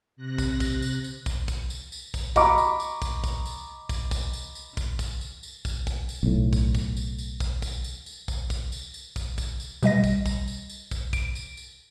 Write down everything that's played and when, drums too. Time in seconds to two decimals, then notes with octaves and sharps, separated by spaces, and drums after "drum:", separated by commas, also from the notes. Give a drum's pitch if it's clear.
0.16 C3 F#6 A#6
0.38 drum: kick, tambourine
0.60 drum: kick, tambourine
0.82 drum: tambourine
1.04 drum: tambourine
1.26 drum: kick, tambourine
1.48 drum: kick, tambourine
1.70 drum: tambourine
1.92 drum: tambourine
2.14 drum: kick, tambourine
2.36 D#5 A#5 B5 C#6 D6, drum: kick, tambourine
2.58 drum: tambourine
2.80 drum: tambourine
3.02 drum: kick, tambourine
3.24 drum: kick, tambourine
3.46 drum: tambourine
3.89 drum: kick, tambourine
4.11 drum: kick, tambourine
4.33 drum: tambourine
4.55 drum: tambourine
4.77 drum: kick, tambourine
4.99 drum: kick, tambourine
5.21 drum: tambourine
5.43 drum: tambourine
5.65 drum: kick, tambourine
5.87 drum: kick, tambourine
6.09 drum: tambourine
6.23 B1 A2
6.53 drum: kick, tambourine
6.75 drum: kick, tambourine
6.97 drum: tambourine
7.18 drum: tambourine
7.40 drum: kick, tambourine
7.62 drum: kick, tambourine
7.84 drum: tambourine
8.06 drum: tambourine
8.28 drum: kick, tambourine
8.50 drum: kick, tambourine
8.72 drum: tambourine
8.94 drum: tambourine
9.16 drum: kick, tambourine
9.38 drum: kick, tambourine
9.60 drum: tambourine
9.83 B2 G3 D#5 A#6, drum: tambourine
10.04 drum: kick, tambourine
10.26 drum: kick, tambourine
10.48 drum: tambourine
10.69 drum: tambourine
10.91 drum: kick, tambourine
11.13 D7, drum: kick, tambourine
11.35 drum: tambourine
11.57 drum: tambourine